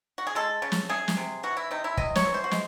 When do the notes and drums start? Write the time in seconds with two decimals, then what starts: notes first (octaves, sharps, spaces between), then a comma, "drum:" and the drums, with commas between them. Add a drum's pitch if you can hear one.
0.18 F#4
0.27 G#4
0.35 G#3 A4
0.62 C#3
0.72 drum: snare
0.89 A3 G#4
1.08 drum: snare
1.17 C3
1.43 E3 F#4
1.57 E4
1.71 C3 D#4
1.84 E4
1.97 C3 D#5, drum: kick
2.15 C#5, drum: snare
2.25 E3
2.34 C5
2.44 F#4
2.51 G#3, drum: snare